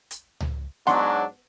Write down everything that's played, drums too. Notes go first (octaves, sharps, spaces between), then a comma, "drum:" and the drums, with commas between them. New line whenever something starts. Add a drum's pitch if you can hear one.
drum: hi-hat
drum: tom C#2
G#2 F#3 D4 F#5 C6, drum: snare B3